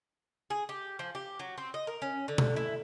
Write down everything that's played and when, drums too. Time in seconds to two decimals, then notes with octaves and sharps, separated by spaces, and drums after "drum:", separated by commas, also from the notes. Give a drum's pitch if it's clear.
0.50 G#4
0.69 G4
0.99 F3
1.15 G4
1.39 F#3
1.58 C4
1.74 D#5
1.87 A#4
2.02 C#4
2.28 D3
2.38 drum: tom B2
2.56 E4